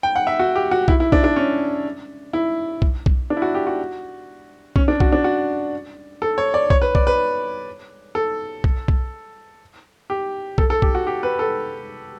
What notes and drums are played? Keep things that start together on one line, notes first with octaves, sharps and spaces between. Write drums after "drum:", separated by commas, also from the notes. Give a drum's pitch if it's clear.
G5
F#5
E5
F#4
G4
F#4
E4, drum: kick B1
E4
D4, drum: kick B1
D4
C#4
E4
drum: kick B1
drum: kick B1
D4
E4
F#4
G4
F#4
C#4, drum: kick B1
D4
F#4, drum: kick B1
D4
F#4
A4
C#5
D5
C#5, drum: kick B1
B4
D5, drum: kick B1
B4
A4
drum: kick B1
drum: kick B1
G4
A4, drum: kick B1
A4
G4, drum: kick B1
F#4
G4
B4
A4